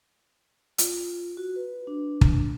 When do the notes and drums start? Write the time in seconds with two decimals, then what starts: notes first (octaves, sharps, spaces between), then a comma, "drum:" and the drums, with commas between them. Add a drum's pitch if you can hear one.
0.78 F4, drum: hi-hat
1.37 F#4
1.56 B4
1.87 D4
2.21 drum: kick